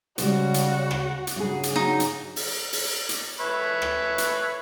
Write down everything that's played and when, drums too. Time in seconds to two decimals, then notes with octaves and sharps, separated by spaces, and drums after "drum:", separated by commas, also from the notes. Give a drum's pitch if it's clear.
0.18 C#3 G3 G#3 F#4 C5, drum: hi-hat
0.54 drum: hi-hat
0.91 drum: rim click
1.27 drum: hi-hat
1.36 G2 C#3 F#3 G#4
1.63 drum: hi-hat
1.76 F#3 D#4
2.00 drum: hi-hat
2.36 drum: open hi-hat
2.73 drum: open hi-hat
3.09 drum: hi-hat
3.40 B4 C#5 E5
3.82 drum: rim click
4.18 drum: hi-hat